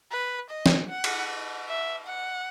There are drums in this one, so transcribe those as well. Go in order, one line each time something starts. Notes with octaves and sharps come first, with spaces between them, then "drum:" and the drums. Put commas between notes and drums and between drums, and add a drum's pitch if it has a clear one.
B4
D#5
drum: snare
F#5
drum: cymbal
E5
F#5